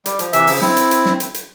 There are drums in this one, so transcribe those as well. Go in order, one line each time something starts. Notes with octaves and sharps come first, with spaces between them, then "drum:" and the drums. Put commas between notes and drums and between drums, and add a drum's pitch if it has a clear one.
G3, drum: hi-hat
F3, drum: hi-hat
C3 E3 E5, drum: hi-hat
C#3 F3, drum: open hi-hat
C4 E4, drum: snare
drum: hi-hat
drum: hi-hat
drum: snare
drum: hi-hat
drum: hi-hat